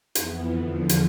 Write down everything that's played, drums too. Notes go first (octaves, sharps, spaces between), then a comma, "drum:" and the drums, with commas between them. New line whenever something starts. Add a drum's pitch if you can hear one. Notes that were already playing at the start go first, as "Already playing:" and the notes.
F2 E3 B3, drum: hi-hat
E2 D3 F3
drum: hi-hat